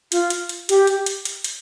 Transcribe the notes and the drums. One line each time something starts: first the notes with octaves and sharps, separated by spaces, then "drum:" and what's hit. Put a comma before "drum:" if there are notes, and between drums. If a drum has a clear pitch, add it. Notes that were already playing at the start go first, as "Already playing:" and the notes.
F4, drum: hi-hat
drum: hi-hat
drum: hi-hat
G4, drum: hi-hat
drum: hi-hat
drum: hi-hat
drum: hi-hat
drum: hi-hat